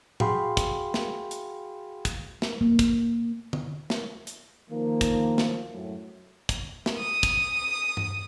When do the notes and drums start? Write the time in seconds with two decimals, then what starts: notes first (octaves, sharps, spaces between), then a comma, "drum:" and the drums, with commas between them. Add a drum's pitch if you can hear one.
0.20 F#4 G#4 F5 G5 B5 C6, drum: tom A2
0.57 drum: kick, hi-hat
0.94 drum: snare
1.31 drum: hi-hat
2.05 drum: kick, hi-hat
2.42 drum: snare
2.61 A#3
2.79 drum: kick, hi-hat
3.53 drum: tom D3
3.90 drum: snare
4.27 drum: hi-hat
4.70 D#3 F3 A#3
5.01 drum: kick, hi-hat
5.38 drum: snare
5.71 F#2 A2
6.49 drum: kick, hi-hat
6.86 drum: snare
6.99 D#6
7.23 drum: kick, hi-hat
7.97 drum: tom G2